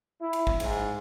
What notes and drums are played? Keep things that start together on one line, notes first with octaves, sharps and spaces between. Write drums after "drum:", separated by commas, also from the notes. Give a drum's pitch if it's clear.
E4
drum: cymbal
drum: kick
G#2, drum: cymbal